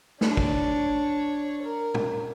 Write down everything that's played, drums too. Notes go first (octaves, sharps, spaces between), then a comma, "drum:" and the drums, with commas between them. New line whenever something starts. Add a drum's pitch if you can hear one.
D4 C#5, drum: snare
drum: kick
A#4
drum: tom